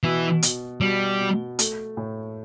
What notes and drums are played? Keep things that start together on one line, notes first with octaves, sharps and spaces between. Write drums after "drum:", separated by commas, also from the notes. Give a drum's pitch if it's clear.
B2 E3
B2, drum: hi-hat
B2 G3
B2
A3, drum: hi-hat
A2